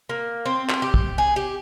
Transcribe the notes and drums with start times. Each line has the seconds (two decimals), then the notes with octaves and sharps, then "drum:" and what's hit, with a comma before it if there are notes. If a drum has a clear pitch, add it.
0.09 A#3
0.46 C4
0.70 drum: clap
0.82 G4
0.94 drum: kick
1.18 G#4
1.36 G4